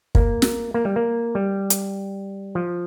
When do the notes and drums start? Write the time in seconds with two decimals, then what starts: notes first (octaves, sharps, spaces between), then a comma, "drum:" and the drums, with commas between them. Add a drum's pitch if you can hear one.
0.15 A#3, drum: kick
0.42 drum: snare
0.74 A#3
0.85 G3
0.96 A#3
1.35 G3
1.70 drum: hi-hat
2.55 F3